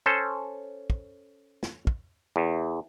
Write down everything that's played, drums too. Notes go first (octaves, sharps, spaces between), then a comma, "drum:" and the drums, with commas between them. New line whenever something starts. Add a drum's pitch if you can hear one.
C#4 A4 C5
drum: kick
drum: snare
drum: kick
E2